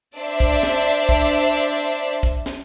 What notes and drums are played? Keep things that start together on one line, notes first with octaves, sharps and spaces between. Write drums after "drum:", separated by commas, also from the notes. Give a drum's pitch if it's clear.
D4 C5 D5 E5
drum: kick
drum: snare
drum: kick
drum: kick
drum: snare